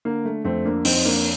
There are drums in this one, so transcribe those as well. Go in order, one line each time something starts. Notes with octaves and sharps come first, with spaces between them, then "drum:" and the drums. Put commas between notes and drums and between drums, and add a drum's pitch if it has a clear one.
D3 A#3
A3
F2 A3 C4
A#3 D4
F2 C4 D#4, drum: open hi-hat
A#3 D4